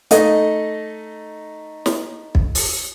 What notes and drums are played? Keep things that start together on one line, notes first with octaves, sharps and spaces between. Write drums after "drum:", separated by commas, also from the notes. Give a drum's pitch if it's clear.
A3 D#4 A4 D#5, drum: hi-hat
drum: snare
drum: kick
drum: open hi-hat